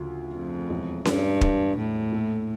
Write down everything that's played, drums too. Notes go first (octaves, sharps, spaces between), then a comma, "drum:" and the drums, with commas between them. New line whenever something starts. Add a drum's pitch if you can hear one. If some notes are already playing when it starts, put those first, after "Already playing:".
Already playing: D2 C#3 F3
F2
E1 E2 E3
G2, drum: snare C#4
drum: kick
A2
A#2 A3 E4 A4